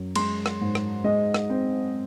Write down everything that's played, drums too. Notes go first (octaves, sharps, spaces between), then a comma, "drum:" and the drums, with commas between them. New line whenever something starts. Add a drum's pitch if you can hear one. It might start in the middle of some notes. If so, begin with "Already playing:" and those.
Already playing: F#2
G#3 C6, drum: cymbal
drum: rim click
G#2
drum: rim click
G#3 D#5
drum: rim click
C4